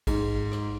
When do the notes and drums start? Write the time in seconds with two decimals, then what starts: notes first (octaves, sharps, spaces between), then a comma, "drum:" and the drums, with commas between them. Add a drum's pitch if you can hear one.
0.07 G#2, drum: kick, cymbal
0.52 drum: rim click